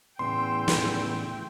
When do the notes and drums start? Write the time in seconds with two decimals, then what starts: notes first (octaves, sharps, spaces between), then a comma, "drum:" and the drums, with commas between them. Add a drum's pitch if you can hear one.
0.19 E2 A2 C#3 G5 C6 E6
0.68 drum: snare